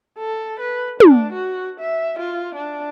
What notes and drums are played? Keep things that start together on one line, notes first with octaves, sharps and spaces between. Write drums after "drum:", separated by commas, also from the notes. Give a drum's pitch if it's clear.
A4
B4
D4, drum: tom
F#4
E5
F4
D4